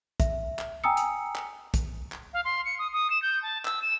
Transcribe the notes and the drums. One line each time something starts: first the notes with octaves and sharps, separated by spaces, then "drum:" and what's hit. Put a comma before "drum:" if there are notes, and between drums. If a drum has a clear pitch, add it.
E5, drum: kick, hi-hat
drum: clap
G5 G#5 A#5 D#6 E6 C#7
drum: hi-hat
drum: clap
drum: kick, hi-hat
drum: clap
F5
C6
C#7
D#6
D#6
E7
G6
A5
E6, drum: clap
E7